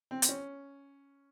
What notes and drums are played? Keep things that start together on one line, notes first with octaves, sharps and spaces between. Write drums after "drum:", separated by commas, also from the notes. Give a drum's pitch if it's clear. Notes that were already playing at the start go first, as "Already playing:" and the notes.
C4
C4, drum: hi-hat
C#4